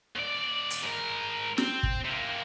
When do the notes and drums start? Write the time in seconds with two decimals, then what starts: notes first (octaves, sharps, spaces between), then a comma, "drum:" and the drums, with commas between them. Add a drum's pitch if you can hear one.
0.16 D#2 D5
0.70 drum: hi-hat
0.83 G#2 A#4
1.58 C4, drum: snare
1.83 drum: kick
2.05 C3 A#3